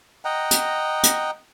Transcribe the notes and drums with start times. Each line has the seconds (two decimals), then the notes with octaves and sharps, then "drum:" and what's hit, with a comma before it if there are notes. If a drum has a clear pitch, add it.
0.25 D#5 F#5 G5 A#5
0.51 drum: hi-hat
1.03 drum: hi-hat